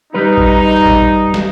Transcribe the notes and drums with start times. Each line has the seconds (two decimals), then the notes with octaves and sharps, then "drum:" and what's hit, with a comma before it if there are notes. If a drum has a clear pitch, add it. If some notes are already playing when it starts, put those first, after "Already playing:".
0.13 G3 D#4 B4 A#5
0.37 drum: kick A1
0.86 drum: kick A1
1.34 drum: snare